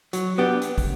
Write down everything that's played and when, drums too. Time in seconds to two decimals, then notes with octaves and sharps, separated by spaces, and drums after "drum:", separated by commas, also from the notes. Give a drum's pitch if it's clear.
0.13 F#3, drum: hi-hat
0.38 B3 D4 G4
0.62 drum: hi-hat
0.78 drum: kick, open hi-hat